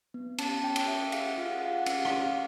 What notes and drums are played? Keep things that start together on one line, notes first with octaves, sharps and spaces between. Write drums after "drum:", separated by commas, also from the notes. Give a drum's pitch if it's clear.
B3
C#4 A5, drum: cymbal
C#4 G5
drum: cymbal
C#4 E5
G#4 F5, drum: cymbal
F#5
F4 F5
F#5
G#4 F5
F#5
C#4, drum: cymbal
F5
F#5, drum: rim click
C#4
F5